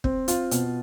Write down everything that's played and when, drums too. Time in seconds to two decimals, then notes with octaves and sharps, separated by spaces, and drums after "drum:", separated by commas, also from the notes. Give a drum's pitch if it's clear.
0.04 C4, drum: kick
0.28 F4, drum: hi-hat
0.51 B2, drum: hi-hat